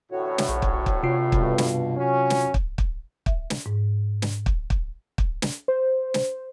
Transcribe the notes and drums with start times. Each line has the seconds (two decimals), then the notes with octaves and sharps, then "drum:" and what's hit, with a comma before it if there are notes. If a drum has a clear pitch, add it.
0.12 A1 D2 A2 F#4 C#5
0.38 drum: snare
0.49 A#1
0.62 drum: kick
0.86 drum: kick
1.03 C3 F4 C7
1.32 G2 B2, drum: kick
1.58 drum: snare
1.97 F#3 C#4
2.30 drum: snare
2.54 drum: kick
2.78 drum: kick
3.26 E5, drum: kick
3.50 drum: snare
3.66 G#2
4.22 drum: snare
4.46 drum: kick
4.70 drum: kick
5.18 drum: kick
5.42 drum: snare
5.68 C5
6.14 drum: snare